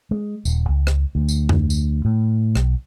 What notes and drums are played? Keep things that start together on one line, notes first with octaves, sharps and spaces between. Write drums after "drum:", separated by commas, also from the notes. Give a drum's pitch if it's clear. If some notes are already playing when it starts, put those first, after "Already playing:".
G#3
D#1, drum: tambourine
C#2
drum: rim click
D2
drum: tambourine
drum: tom F2
drum: tambourine
A2
B1, drum: rim click